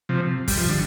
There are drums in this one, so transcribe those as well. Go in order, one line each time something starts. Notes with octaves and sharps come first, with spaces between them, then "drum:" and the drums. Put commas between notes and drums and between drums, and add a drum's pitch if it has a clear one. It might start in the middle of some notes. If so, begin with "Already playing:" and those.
C3 F3
G3, drum: kick, open hi-hat
F3
D3